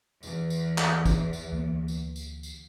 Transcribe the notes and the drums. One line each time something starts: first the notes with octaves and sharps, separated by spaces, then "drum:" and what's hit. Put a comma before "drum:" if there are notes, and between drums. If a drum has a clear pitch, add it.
E2, drum: tambourine
drum: tambourine
drum: clap
drum: kick, tambourine
drum: tambourine
D2 A#3
drum: tambourine
drum: tambourine
drum: tambourine